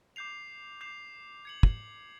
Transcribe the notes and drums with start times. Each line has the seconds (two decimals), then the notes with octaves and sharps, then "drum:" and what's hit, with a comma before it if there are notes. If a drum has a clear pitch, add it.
0.16 D6 G6 C7 F7
0.81 D6 G6 C7 F7
1.45 G#6 C#7 F#7
1.63 drum: kick